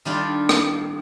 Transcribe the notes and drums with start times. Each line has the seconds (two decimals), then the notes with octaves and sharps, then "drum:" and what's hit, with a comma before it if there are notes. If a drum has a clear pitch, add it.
0.05 D#3 G3 D4 F4 A4
0.49 drum: rim click